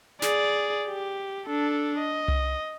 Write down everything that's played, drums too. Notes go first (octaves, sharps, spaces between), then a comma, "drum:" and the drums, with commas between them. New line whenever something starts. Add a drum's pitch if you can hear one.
G#4 D5, drum: snare
G4
D4 A4
D#5
drum: tom C2